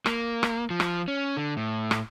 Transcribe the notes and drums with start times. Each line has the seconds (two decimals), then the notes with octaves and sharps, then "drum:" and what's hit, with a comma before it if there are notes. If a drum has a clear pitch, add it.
0.06 A#3, drum: rim click
0.43 drum: rim click
0.70 F3
0.80 drum: rim click
1.08 C#4
1.37 D3
1.57 A2
1.91 drum: rim click